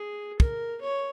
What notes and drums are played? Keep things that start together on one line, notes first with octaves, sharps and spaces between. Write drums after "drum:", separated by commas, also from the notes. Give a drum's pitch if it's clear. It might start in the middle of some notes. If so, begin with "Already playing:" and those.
Already playing: G#4
A#4, drum: kick
C#5